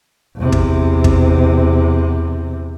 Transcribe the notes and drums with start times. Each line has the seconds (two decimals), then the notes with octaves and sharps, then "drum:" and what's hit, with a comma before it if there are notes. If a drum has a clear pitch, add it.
0.37 E2 C3
0.52 drum: kick
1.04 drum: kick